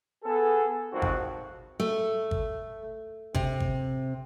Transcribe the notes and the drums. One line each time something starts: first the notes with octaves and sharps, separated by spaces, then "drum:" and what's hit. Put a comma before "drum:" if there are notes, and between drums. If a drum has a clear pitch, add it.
B3 G#4 A4
G#1 F2 D#3 C4 F#4
drum: kick
A3
drum: kick
C3, drum: kick
drum: kick